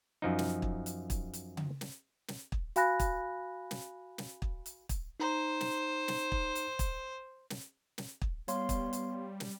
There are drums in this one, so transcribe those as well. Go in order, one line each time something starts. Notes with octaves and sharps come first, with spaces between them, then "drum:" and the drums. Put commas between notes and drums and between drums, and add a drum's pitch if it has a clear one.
F#2 F3 D#4
drum: snare
drum: kick
drum: hi-hat
drum: kick, hi-hat
drum: hi-hat
drum: tom C#3
drum: snare
drum: snare
drum: kick
F#4 F5 G#5 B5 F#6 A#6, drum: hi-hat
drum: kick, hi-hat
drum: snare
drum: snare
drum: kick
drum: hi-hat
drum: kick, hi-hat
D#4 C5 A#5
drum: snare
drum: snare
drum: kick
drum: hi-hat
drum: kick, hi-hat
drum: snare
drum: snare
drum: kick
G3 B3 C#5 F5 C6, drum: hi-hat
drum: kick, hi-hat
drum: hi-hat
drum: snare